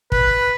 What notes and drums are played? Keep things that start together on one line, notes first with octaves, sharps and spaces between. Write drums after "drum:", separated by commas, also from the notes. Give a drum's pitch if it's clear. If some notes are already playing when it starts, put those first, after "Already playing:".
B4, drum: kick